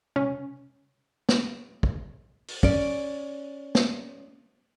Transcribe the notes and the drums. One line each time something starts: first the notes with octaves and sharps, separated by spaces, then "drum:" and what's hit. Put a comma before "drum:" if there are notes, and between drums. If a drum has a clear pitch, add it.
C#4, drum: tom C3
drum: snare
drum: kick
drum: open hi-hat
C#4 D5, drum: kick
drum: snare